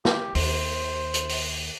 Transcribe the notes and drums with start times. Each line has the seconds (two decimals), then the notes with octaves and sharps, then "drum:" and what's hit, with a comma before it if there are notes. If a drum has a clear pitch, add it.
0.05 G4, drum: snare
0.35 D#2 C5, drum: open hi-hat
1.14 drum: hi-hat
1.29 drum: open hi-hat